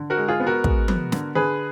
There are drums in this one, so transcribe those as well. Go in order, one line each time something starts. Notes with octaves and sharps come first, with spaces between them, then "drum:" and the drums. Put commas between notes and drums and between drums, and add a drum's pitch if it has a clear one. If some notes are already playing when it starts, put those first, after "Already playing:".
Already playing: D3
F#4 A#4
G#3
F4 G#4
B3
F#4 A#4
G#3, drum: kick
B3, drum: tom F3
D3, drum: snare
D3 G#4 B4